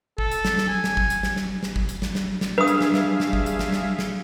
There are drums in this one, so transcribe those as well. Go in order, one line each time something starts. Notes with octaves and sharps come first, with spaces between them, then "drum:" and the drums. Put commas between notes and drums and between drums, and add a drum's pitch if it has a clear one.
A4, drum: kick G1
drum: hi-hat
drum: snare
drum: snare
G#5
drum: snare
drum: kick G1
drum: hi-hat
drum: snare
drum: snare
drum: snare
drum: kick G1
drum: hi-hat
drum: snare
drum: snare
drum: snare
G2 D4 G#4 B4 E5 F5 D#6
drum: hi-hat
drum: snare
drum: snare
drum: snare
drum: kick G1
drum: hi-hat
drum: snare
drum: snare
drum: snare